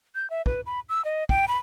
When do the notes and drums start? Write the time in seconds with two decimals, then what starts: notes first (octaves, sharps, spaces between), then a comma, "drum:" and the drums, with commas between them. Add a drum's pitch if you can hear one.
0.15 G6
0.30 E5
0.46 B4, drum: kick
0.66 B5
0.89 E6
1.05 D#5
1.29 G5, drum: kick
1.48 B5